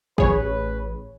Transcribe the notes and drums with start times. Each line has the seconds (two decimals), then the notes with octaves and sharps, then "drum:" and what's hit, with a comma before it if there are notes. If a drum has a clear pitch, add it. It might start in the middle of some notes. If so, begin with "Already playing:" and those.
0.18 A1 G#4 B4 C#5, drum: kick G1